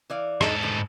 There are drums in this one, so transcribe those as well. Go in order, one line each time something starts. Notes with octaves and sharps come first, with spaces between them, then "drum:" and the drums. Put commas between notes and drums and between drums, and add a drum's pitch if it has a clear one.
E3 D5 F5
G#2 D4 D#4 A4, drum: rim click
A2 D3 D#3